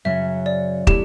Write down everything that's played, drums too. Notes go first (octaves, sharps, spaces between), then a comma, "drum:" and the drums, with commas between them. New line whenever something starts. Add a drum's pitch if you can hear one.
F#2 C#3 F#3 E5
D5
B2 F#3 A3 E4 G4, drum: kick